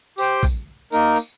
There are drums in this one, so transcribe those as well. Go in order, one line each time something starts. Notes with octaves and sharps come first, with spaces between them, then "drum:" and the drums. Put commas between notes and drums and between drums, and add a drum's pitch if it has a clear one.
G4 C5 G5, drum: tambourine
drum: kick, tambourine
A#3 D#4 A#4, drum: tambourine
drum: tambourine